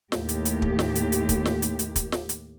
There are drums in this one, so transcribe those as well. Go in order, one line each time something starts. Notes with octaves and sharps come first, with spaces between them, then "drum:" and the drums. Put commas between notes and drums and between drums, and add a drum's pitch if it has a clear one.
D#2 A2 G4, drum: snare
drum: hi-hat
drum: hi-hat
drum: kick
drum: snare
drum: hi-hat
drum: hi-hat
drum: kick, hi-hat
drum: snare
drum: hi-hat
drum: hi-hat
drum: kick, hi-hat
drum: snare
drum: hi-hat